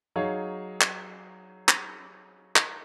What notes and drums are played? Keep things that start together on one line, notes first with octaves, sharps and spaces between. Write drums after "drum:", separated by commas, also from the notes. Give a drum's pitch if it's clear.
F#3 D#4 G#4 C#5 F5
drum: clap
drum: clap
drum: clap